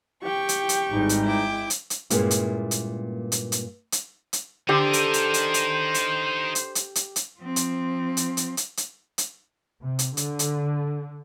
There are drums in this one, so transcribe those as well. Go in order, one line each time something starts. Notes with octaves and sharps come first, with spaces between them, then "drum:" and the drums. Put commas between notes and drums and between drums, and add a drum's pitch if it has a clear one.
G4 G5 C#6
drum: hi-hat
drum: hi-hat
G#1 G#2 E3 G3 G#3 D#4
drum: hi-hat
E4 G5 D6
drum: hi-hat
drum: hi-hat
G2 A#2 G#3 A#3 C#4 E4, drum: hi-hat
drum: hi-hat
drum: hi-hat
drum: hi-hat
drum: hi-hat
drum: hi-hat
drum: hi-hat
D3 D#4 G4 A#4 C5
drum: hi-hat
drum: hi-hat
drum: hi-hat
drum: hi-hat
drum: hi-hat
drum: hi-hat
drum: hi-hat
drum: hi-hat
drum: hi-hat
F3 C4
drum: hi-hat
drum: hi-hat
drum: hi-hat
drum: hi-hat
drum: hi-hat
drum: hi-hat
C3
drum: hi-hat
D3, drum: hi-hat
drum: hi-hat